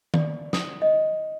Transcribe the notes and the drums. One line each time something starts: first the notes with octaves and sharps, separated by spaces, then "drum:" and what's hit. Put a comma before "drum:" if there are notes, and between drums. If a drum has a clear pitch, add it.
D5, drum: tom D#3
D#6, drum: snare
D#5